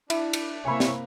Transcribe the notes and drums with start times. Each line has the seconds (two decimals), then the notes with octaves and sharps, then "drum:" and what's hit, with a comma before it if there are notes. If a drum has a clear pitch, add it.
0.10 D4 E4, drum: cymbal
0.33 drum: cymbal
0.65 C3 A#3 C#5 E5 G#5 B5
0.80 drum: snare